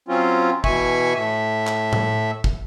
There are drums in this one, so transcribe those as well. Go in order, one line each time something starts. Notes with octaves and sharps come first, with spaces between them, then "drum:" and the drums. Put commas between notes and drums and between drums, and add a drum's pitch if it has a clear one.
F#3 C4 C#4 F4
B2 E3 E5 G#5 C#6, drum: kick
A2 E5
drum: clap
drum: tom A2
drum: kick